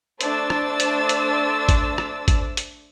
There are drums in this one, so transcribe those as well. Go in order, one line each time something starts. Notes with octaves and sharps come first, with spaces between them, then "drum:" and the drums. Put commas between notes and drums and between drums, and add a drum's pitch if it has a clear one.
A3 D4 C5 E6 A6, drum: hi-hat
drum: rim click
drum: hi-hat
drum: hi-hat
drum: kick G#1, hi-hat
drum: rim click
drum: kick G#1, hi-hat
drum: hi-hat